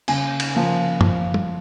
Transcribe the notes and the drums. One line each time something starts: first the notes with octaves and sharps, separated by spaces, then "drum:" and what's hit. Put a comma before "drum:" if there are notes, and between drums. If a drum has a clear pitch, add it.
C#3 G#5, drum: cymbal
drum: cymbal
F3 A#3
F3, drum: tom F#2
drum: tom